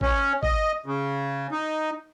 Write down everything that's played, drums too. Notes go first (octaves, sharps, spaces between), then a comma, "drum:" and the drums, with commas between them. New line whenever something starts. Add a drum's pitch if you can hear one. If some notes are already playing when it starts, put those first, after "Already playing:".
C#4, drum: kick
D#5, drum: kick
C#3
D#4